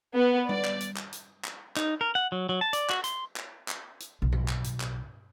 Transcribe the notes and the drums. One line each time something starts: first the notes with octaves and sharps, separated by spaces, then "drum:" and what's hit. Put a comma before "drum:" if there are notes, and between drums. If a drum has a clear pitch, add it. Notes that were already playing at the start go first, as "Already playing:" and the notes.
B3
D5, drum: tom G3
drum: clap
drum: hi-hat
drum: clap
drum: hi-hat
drum: clap
D#4, drum: clap
A#4
F#5
F#3
F#3
A5
D5, drum: hi-hat
F#4, drum: clap
C6, drum: hi-hat
drum: clap
drum: clap
drum: hi-hat
B1
drum: tom G2
drum: clap
drum: hi-hat
drum: clap